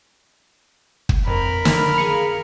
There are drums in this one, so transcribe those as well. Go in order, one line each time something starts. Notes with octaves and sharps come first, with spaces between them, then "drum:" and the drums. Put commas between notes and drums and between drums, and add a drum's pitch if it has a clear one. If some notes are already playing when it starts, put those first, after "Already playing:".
drum: kick
F2 A#4 B5
D3 F3 F6, drum: snare
G#4 F5 C#7